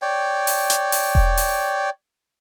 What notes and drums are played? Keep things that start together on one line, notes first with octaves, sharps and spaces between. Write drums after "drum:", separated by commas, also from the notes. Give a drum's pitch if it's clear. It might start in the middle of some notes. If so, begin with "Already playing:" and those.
C#5 D5 G5
drum: open hi-hat
drum: hi-hat
drum: open hi-hat
drum: kick E1
drum: open hi-hat